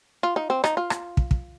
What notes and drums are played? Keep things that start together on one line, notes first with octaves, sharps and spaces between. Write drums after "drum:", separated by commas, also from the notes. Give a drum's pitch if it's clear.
F4
D#4
C4
D#4, drum: rim click
F4
drum: rim click
drum: kick
drum: kick